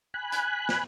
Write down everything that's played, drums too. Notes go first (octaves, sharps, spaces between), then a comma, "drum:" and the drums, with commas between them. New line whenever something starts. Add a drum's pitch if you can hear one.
G#5 B5 F#6
drum: hi-hat
drum: snare